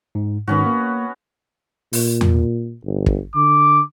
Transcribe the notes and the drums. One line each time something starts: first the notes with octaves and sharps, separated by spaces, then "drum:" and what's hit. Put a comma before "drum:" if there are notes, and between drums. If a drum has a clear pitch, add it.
G#2
G#2 D#3 B3 C#4 F#4
A#3
A#2, drum: open hi-hat
drum: tom E2
G1
drum: kick
D3 D6